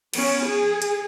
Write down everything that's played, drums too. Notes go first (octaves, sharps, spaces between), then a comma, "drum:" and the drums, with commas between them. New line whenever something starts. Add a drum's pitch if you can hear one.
B3 C#4, drum: cymbal
G#4
drum: hi-hat